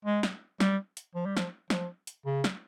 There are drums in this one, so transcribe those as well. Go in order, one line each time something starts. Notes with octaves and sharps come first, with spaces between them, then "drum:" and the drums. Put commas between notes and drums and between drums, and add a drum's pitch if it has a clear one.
G#3
drum: snare
G3, drum: snare
drum: hi-hat
F3
G3
F3, drum: snare
F3, drum: snare
drum: hi-hat
C#3
drum: snare